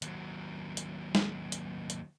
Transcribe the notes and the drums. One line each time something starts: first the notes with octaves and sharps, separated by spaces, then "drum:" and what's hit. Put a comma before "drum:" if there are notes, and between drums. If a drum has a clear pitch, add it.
D#2 F#3, drum: hi-hat
drum: hi-hat
drum: snare
drum: hi-hat
drum: hi-hat